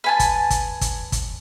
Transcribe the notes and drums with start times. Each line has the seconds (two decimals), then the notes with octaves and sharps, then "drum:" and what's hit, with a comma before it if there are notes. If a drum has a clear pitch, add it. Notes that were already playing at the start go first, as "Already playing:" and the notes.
0.04 B4 G#5 A5
0.20 drum: kick, hi-hat
0.50 drum: kick, hi-hat
0.81 drum: kick, hi-hat
1.12 drum: kick, hi-hat